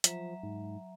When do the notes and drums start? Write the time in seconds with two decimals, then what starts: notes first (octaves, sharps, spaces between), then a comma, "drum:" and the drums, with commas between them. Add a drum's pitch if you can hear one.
0.04 F3 F#3 E5 A#5, drum: hi-hat
0.43 G#2